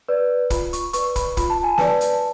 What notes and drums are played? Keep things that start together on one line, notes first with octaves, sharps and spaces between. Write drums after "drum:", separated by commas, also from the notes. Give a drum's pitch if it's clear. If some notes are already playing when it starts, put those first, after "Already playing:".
B4 D5
F4 B5, drum: kick, hi-hat
C#6, drum: hi-hat
B4 D5 C#6, drum: hi-hat
B5, drum: kick, hi-hat
F4 B5, drum: kick, hi-hat
A5
G#5
B4 D5 A5, drum: snare
drum: hi-hat